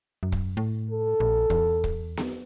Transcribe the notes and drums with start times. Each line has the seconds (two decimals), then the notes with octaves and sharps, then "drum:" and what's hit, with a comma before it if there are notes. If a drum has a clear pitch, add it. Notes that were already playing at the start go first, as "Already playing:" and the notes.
0.23 F#2
0.32 drum: kick
0.57 A2
0.91 A4
1.20 A#1
1.50 E2, drum: kick
1.84 drum: kick
2.17 drum: snare B3